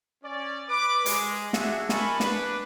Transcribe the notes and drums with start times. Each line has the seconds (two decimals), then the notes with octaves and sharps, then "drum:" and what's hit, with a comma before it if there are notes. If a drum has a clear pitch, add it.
0.24 C#4 D5
0.69 B4 D6
1.06 G#3, drum: hi-hat
1.53 D4 F4 F#4 G#4 E5, drum: snare
1.89 A#4 D#5 G#5 A5 B5 C#6, drum: snare
2.20 D4 B4, drum: snare